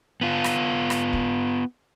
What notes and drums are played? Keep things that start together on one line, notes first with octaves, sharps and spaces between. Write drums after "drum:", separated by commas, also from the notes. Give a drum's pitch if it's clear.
B3 F4
drum: rim click
drum: rim click
drum: kick